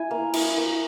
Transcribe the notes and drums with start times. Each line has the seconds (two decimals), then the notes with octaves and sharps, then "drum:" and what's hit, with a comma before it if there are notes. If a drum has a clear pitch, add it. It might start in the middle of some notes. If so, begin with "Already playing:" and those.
Already playing: E4 G#5
0.11 A#3
0.33 E4, drum: cymbal
0.57 A#3